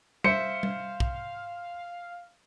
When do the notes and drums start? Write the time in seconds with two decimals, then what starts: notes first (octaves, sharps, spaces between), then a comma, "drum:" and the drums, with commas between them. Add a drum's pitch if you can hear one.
0.24 C5 E5 F5 C#7, drum: tom G3
0.63 drum: tom G3
1.00 drum: kick